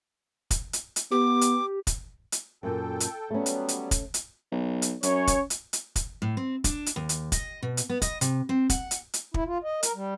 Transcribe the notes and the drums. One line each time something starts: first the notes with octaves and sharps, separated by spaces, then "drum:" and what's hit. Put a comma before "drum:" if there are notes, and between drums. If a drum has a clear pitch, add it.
drum: kick, hi-hat
drum: hi-hat
drum: hi-hat
B3 G4 D6
drum: hi-hat
drum: kick, hi-hat
drum: hi-hat
F#2 A#2 A4 G5
drum: hi-hat
F#3 G3 A3 B3 C#4
drum: hi-hat
drum: hi-hat
drum: kick, hi-hat
drum: hi-hat
B1
drum: hi-hat
F#2 C#4 C#5, drum: hi-hat
drum: kick, hi-hat
drum: hi-hat
drum: hi-hat
drum: kick, hi-hat
A2
C4
D4, drum: kick, hi-hat
drum: hi-hat
D#2
drum: hi-hat
D#5, drum: kick, hi-hat
B2
drum: hi-hat
B3
D#5, drum: kick, hi-hat
C3, drum: hi-hat
C4
F#5, drum: kick, hi-hat
drum: hi-hat
drum: hi-hat
E4, drum: kick
F4
D#5
A#4, drum: hi-hat
G3